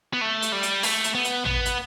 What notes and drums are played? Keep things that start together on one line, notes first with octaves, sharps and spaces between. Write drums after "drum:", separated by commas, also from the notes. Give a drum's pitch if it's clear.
B3
A3
drum: hi-hat
G3
drum: hi-hat
A3, drum: open hi-hat
drum: hi-hat
B3
drum: hi-hat
B3, drum: tom
drum: hi-hat